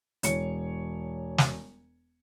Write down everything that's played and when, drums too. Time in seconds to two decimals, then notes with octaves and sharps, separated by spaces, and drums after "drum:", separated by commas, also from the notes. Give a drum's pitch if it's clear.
0.23 E1 C#5 C#7, drum: hi-hat
1.38 drum: snare